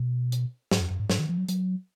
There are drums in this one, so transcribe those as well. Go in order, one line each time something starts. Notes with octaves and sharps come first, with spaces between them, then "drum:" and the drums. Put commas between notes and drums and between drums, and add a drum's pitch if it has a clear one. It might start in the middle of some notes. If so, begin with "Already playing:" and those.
Already playing: B2
drum: hi-hat
G#2, drum: snare
F2
F#2
G#2
G#2, drum: snare
D#3
F3
F#3
F#3, drum: hi-hat